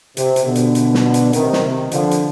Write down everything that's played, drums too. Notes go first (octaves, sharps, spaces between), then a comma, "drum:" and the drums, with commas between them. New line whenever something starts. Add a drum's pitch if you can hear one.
C3, drum: hi-hat
drum: hi-hat
B2 D3
drum: hi-hat
drum: hi-hat
drum: snare
drum: hi-hat
C3 D#3, drum: hi-hat
drum: snare
C3 D#3
D3 F3, drum: hi-hat
drum: hi-hat